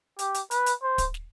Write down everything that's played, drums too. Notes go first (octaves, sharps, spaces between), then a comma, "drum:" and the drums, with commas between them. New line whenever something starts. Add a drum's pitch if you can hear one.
G4, drum: hi-hat
drum: hi-hat
B4, drum: hi-hat
drum: hi-hat
C5
drum: kick, hi-hat
drum: snare